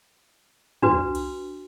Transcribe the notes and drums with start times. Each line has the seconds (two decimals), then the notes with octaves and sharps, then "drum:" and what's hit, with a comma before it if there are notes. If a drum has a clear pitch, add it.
0.82 D4 F#4 B4, drum: tom
1.15 drum: cymbal